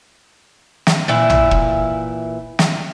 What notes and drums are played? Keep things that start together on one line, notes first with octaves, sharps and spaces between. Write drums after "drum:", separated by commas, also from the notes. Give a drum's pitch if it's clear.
drum: snare
A#2 E3 E4
drum: tom
drum: kick
drum: snare